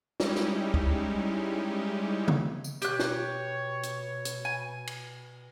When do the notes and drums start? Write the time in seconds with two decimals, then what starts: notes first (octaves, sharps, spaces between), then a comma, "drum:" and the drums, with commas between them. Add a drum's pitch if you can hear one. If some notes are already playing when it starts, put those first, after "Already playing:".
0.20 G3 G#3 C#4 D#4 E4 G4, drum: snare
0.36 drum: snare
0.74 drum: kick
2.28 drum: tom C#3
2.64 drum: tambourine
2.82 B2 G4 C#5 F#6, drum: hi-hat
2.99 drum: snare
3.83 drum: hi-hat
4.25 drum: hi-hat
4.45 G#5
4.87 drum: cymbal